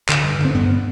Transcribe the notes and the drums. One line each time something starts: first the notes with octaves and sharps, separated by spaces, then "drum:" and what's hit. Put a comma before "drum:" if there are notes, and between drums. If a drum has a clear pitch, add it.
D3, drum: clap
G2
D3
C4
G2 B3